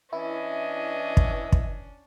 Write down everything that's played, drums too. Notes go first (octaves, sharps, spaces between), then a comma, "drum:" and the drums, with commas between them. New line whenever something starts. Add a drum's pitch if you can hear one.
E3 C#4 D4 E4 D#5
drum: kick
drum: kick